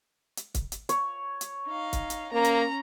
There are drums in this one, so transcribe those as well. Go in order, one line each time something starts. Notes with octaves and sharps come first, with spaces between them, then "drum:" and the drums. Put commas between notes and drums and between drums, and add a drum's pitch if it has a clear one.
drum: hi-hat
drum: kick, hi-hat
drum: hi-hat
C#5, drum: hi-hat
drum: hi-hat
D#4 F5
drum: kick, hi-hat
drum: hi-hat
A#3 C#4 A#5
drum: hi-hat